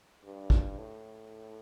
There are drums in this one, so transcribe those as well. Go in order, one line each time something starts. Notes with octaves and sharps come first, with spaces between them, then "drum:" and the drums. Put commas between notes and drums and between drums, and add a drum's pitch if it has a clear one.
G2
drum: kick
A2